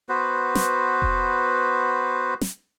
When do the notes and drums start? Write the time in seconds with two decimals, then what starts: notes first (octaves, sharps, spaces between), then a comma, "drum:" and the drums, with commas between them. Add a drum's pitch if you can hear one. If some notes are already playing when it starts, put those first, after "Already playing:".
0.09 B3 F#4 B4 C5
0.55 drum: snare
1.02 drum: kick F1
2.41 drum: snare